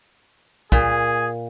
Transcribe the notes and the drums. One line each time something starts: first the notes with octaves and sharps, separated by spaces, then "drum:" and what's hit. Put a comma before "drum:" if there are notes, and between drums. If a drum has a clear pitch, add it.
A#2 G#4, drum: kick